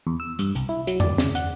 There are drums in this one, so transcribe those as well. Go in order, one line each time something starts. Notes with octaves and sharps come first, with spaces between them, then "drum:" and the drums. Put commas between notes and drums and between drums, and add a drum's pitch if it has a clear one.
E2
E6
G2, drum: hi-hat
C2, drum: hi-hat
E4
F#3, drum: hi-hat
D5, drum: tom E2
C#3, drum: snare
F#5, drum: hi-hat